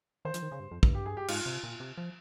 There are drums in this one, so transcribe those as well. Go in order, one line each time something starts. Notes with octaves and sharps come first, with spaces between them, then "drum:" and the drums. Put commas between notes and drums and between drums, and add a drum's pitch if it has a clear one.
D#3 C5
F3, drum: hi-hat
D#3
C#3
G2
F2
G2, drum: kick
G4
G#4
G4
G#2 F4, drum: cymbal
C3
A#2
C3
F3